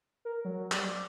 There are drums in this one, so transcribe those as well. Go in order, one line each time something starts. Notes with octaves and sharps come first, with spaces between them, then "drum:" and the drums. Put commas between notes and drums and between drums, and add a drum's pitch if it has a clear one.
A#4
F#3
G3, drum: clap
D6